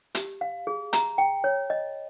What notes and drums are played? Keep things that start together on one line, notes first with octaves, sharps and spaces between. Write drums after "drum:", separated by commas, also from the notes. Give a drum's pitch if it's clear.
G4, drum: hi-hat
F5
G#4
A#5, drum: hi-hat
G5
C#5
D#5